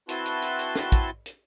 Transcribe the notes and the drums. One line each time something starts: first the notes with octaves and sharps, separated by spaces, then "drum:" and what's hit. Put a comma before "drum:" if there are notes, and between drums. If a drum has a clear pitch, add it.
C4 E4 F#4 B4 A5 C6, drum: hi-hat
drum: hi-hat
drum: hi-hat
drum: hi-hat
drum: snare
drum: kick, hi-hat
drum: hi-hat